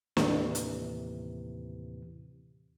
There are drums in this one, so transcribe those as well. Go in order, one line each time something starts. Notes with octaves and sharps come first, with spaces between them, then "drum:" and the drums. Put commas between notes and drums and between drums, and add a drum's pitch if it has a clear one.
D#2 A2 C3 E3, drum: snare
drum: hi-hat